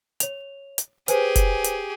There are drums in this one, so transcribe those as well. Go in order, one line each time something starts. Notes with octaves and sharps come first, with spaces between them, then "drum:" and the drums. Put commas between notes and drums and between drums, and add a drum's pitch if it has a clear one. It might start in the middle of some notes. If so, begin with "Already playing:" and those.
C#5 F7, drum: hi-hat
drum: hi-hat
G4 G#4 B4 C5 G#5, drum: hi-hat
drum: kick F1, hi-hat
drum: hi-hat